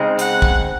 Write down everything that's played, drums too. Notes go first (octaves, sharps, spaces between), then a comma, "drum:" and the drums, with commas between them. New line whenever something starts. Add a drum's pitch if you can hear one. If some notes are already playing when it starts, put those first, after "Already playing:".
Already playing: C#3 G#3 C4 D#4
F#5, drum: hi-hat
drum: kick